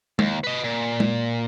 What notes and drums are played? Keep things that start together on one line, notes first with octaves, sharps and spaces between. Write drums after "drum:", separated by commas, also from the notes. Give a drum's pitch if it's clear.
D#2, drum: tom G#3
B4 D#5
A#2
drum: tom G#3